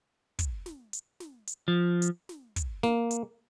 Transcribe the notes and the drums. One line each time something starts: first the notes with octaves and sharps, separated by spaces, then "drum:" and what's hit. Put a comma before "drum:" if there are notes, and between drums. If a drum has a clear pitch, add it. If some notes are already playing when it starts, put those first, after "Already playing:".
drum: kick, hi-hat
drum: snare
drum: hi-hat
drum: snare
drum: hi-hat
F3
drum: hi-hat
drum: snare
drum: kick, hi-hat
A#3, drum: snare
drum: hi-hat